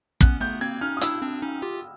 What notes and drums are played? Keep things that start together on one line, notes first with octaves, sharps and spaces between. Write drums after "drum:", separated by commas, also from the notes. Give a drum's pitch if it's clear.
B3 C#4 F#6, drum: kick
A3 B3 G6
A#3 C4 G#6
C#4 D#4 F6
D#6
D4 E4 E6, drum: hi-hat
C4 D4
C#4 D#4
F4 G4